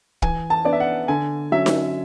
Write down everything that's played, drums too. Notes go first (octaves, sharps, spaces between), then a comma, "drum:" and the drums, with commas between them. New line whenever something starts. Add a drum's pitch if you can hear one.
E3 G#5, drum: kick
A5
B3 D4 D5
E5
F#5
D3 G#5
F#3 C#4 E5
drum: snare D#4